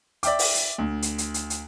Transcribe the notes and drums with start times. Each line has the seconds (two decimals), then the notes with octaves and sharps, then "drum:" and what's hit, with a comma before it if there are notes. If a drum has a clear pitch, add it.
0.23 D5 E5 G5 D6, drum: hi-hat
0.39 drum: open hi-hat
0.55 drum: hi-hat
0.78 D2
1.02 drum: hi-hat
1.18 drum: hi-hat
1.34 drum: hi-hat
1.50 drum: hi-hat